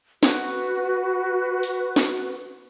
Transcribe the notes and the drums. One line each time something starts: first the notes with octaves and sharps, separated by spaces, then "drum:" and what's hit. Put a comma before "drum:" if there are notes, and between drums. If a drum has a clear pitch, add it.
F#4 B4, drum: snare
drum: open hi-hat
drum: snare